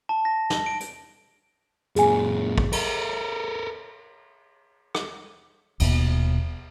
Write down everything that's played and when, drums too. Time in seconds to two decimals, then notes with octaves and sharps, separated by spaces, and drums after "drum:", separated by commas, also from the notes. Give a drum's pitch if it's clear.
0.09 A5
0.25 A#6
0.50 drum: snare
0.66 D7
0.80 drum: hi-hat
1.96 F#2 A#2 G#4 G#5, drum: hi-hat
2.58 drum: kick
2.72 A4 A#4, drum: cymbal
4.95 drum: rim click
5.80 D#1 D#2 B2, drum: cymbal